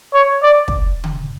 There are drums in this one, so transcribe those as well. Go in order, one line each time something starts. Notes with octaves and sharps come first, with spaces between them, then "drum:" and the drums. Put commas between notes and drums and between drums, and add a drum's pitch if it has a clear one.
C#5
D5
drum: kick
drum: tom C#3